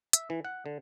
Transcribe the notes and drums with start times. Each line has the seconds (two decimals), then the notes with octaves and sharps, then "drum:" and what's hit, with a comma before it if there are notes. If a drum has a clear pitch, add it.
0.13 E5, drum: hi-hat
0.30 E3
0.45 F#5
0.66 D3